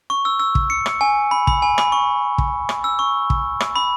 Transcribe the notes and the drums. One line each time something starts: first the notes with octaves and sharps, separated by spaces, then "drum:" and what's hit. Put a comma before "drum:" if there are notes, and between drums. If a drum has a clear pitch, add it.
C#6
E6
E6
drum: kick
C#7
drum: rim click
G#5
B5
B5, drum: kick
G#5
B5, drum: rim click
C#6
drum: kick
drum: rim click
E6
C#6
drum: kick
drum: rim click
B5